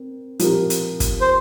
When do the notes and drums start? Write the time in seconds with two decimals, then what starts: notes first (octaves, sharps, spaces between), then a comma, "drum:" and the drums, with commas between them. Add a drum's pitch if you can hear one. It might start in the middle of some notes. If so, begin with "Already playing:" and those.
Already playing: C4 A#4
0.39 F3 C4 G4 A#4, drum: hi-hat
0.70 drum: hi-hat
1.00 drum: kick, hi-hat
1.21 C5